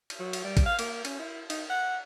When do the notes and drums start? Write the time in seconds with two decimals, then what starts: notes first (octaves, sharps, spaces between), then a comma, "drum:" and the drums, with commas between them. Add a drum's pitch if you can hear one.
0.10 drum: cymbal
0.19 F#3
0.33 drum: cymbal
0.44 G3
0.57 drum: kick, cymbal
0.66 F5
0.79 A#3, drum: cymbal
1.05 C#4, drum: cymbal
1.19 E4
1.50 D#4, drum: cymbal
1.70 F#5